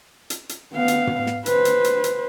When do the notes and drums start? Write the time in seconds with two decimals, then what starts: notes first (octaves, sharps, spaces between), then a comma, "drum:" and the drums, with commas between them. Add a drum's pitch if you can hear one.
0.30 drum: hi-hat
0.49 drum: hi-hat
0.74 B3 F5
0.88 drum: hi-hat
1.07 drum: tom
1.27 drum: snare
1.46 B4 C5, drum: hi-hat
1.65 drum: hi-hat
1.84 drum: hi-hat
2.04 drum: hi-hat